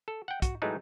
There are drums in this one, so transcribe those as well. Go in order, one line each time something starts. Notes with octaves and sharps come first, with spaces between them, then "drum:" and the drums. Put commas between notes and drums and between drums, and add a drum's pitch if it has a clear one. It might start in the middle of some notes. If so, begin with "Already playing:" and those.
A4
F#5 G5
F#4, drum: kick, hi-hat
A2 E3 F#3 G#3 A3 D#4